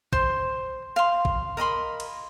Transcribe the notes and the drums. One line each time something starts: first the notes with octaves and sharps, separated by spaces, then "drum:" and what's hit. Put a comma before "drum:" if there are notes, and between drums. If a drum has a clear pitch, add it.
C5 C6, drum: kick A1
F5 C6
drum: kick A1
A#4 D#5 B5 C6
drum: cymbal